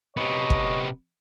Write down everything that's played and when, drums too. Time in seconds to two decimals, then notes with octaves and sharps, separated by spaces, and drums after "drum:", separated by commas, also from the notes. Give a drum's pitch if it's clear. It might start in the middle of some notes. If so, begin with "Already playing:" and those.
0.17 C3 B3 C#5 D#5
0.50 drum: kick